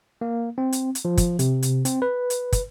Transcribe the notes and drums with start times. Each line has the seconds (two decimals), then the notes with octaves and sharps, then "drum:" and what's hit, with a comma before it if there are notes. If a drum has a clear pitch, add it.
0.21 A#3
0.58 C4
0.73 drum: hi-hat
0.95 drum: hi-hat
1.05 F3
1.18 drum: kick, hi-hat
1.39 C3, drum: hi-hat
1.63 drum: hi-hat
1.85 C4, drum: hi-hat
2.02 B4
2.30 drum: hi-hat
2.53 drum: kick, hi-hat